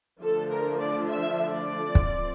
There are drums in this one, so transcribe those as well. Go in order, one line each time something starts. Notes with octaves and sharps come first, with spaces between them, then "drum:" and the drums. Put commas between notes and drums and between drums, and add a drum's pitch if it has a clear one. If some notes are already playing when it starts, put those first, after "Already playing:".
D3 F3 A3 D4 A4
A#4
D5
E5
D5
F3 C4, drum: kick